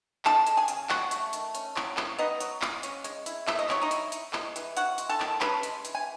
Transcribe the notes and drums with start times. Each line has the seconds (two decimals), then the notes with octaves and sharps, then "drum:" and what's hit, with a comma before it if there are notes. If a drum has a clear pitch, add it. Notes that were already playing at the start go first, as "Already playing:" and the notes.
0.25 D#4 A4 A5, drum: clap
0.47 G#3, drum: hi-hat
0.57 G#4 G#5
0.68 C#3, drum: hi-hat
0.89 C#4 F#4 F#5, drum: clap
1.11 A3, drum: hi-hat
1.33 D#3, drum: hi-hat
1.55 C#4, drum: hi-hat
1.76 F#3, drum: clap
1.97 C#3, drum: clap
2.18 B3 D#4 D#5
2.40 F#3, drum: hi-hat
2.62 C#3, drum: clap
2.83 C#4, drum: hi-hat
3.04 G#3, drum: hi-hat
3.26 E4, drum: hi-hat
3.47 A3 E5, drum: clap
3.59 D#5
3.69 F#3 C#5, drum: clap
3.82 D#4 D#5
3.91 E4, drum: hi-hat
4.12 D#4, drum: hi-hat
4.33 G#3, drum: clap
4.56 E3, drum: hi-hat
4.77 C#4 F#4 F#5, drum: hi-hat
4.98 G#3, drum: hi-hat
5.09 A4 A5
5.20 D#3, drum: clap
5.41 C#4 B4 B5, drum: clap
5.63 G#3, drum: hi-hat
5.85 E3, drum: hi-hat
5.95 G#5